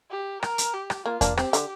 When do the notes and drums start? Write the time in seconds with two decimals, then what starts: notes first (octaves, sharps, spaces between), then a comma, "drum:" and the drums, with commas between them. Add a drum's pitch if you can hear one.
0.11 G4
0.43 A#4, drum: rim click
0.58 drum: hi-hat
0.73 G4
0.90 drum: rim click
1.06 A#3 F4
1.21 A#3 D4, drum: kick E2, hi-hat
1.38 C4 G4, drum: rim click
1.53 D3, drum: hi-hat